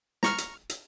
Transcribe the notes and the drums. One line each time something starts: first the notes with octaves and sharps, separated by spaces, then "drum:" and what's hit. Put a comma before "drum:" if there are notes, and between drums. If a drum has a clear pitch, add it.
A#5 C#6 F6, drum: snare
drum: hi-hat
drum: hi-hat